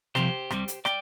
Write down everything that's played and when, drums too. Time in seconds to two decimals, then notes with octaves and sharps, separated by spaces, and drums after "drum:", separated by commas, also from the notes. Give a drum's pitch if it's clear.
0.15 C2 C3 F3 G4 C5, drum: rim click
0.50 C2 C3 G3, drum: rim click
0.68 drum: hi-hat
0.85 D5 G5, drum: rim click